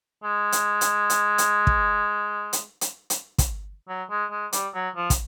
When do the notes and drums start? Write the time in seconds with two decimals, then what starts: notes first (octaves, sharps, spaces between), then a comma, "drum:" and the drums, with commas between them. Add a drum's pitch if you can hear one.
0.23 G#3
0.52 drum: hi-hat
0.81 drum: hi-hat
1.10 drum: hi-hat
1.38 drum: hi-hat
1.67 drum: kick
2.53 drum: hi-hat
2.81 drum: hi-hat
3.10 drum: hi-hat
3.38 drum: kick, hi-hat
3.88 F#3
4.10 G#3
4.31 G#3
4.53 G3, drum: hi-hat
4.74 F#3
4.96 F3
5.10 drum: kick, hi-hat